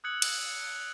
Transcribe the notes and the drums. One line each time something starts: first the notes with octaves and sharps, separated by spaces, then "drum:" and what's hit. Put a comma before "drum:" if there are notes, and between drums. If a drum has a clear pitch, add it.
D#6 E6 F#6 G#6 C#7 F#7
drum: cymbal